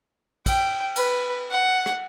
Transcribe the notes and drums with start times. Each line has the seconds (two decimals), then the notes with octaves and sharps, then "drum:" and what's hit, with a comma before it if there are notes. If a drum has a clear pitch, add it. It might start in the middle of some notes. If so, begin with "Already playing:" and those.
0.46 G5, drum: kick, cymbal
0.96 B4, drum: cymbal
1.51 F#5
1.86 drum: rim click